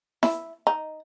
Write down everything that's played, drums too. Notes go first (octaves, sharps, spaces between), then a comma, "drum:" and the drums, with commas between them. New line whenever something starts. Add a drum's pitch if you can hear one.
E4, drum: snare E4
D#4